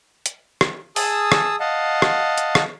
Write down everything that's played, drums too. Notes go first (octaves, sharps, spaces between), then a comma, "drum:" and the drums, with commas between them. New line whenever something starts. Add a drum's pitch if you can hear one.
drum: hi-hat
drum: rim click
G#4 A5 D#6 E6, drum: open hi-hat
drum: rim click
D#5 F5 F#5 A5
drum: rim click
drum: hi-hat
drum: rim click